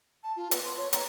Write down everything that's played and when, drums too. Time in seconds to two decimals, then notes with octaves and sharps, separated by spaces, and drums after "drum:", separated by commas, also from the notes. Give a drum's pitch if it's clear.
0.24 A5
0.36 F4
0.51 B4, drum: hi-hat
0.65 C6
0.77 C#5
0.93 A#5, drum: hi-hat